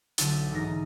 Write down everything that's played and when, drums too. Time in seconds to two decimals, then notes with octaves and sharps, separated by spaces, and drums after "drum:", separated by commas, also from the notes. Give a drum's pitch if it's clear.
0.18 B1 D3 E4 A6 D#7, drum: hi-hat
0.52 G#2 E3 D#4 A#6